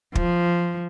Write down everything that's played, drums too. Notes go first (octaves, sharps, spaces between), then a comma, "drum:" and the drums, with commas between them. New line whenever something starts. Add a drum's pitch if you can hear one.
F3, drum: kick